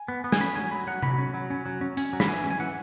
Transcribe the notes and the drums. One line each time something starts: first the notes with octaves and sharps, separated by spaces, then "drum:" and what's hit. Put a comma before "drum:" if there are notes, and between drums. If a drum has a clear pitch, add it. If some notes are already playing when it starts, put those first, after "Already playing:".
Already playing: G#5
B3
B3
G#5, drum: snare
C#4 B5
F#3 G#5
F#3 B5
F#3 F#5
F#3 B5, drum: tom C3
C#4
F#3
C#4
F#3
C#4
C#4, drum: hi-hat
F#3
B5, drum: snare
E3 G#5
C#4
G#5
E3 F#5